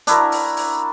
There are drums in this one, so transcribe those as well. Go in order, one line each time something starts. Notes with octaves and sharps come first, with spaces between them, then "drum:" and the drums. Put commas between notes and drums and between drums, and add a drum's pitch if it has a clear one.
D4 E4 F#4 A#4, drum: hi-hat
drum: open hi-hat
drum: open hi-hat